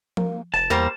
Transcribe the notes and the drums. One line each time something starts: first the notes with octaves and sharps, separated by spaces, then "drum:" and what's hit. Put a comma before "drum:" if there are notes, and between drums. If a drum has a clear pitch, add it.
A#3, drum: tom F3
F1 A5
E2 G3 A#3 C5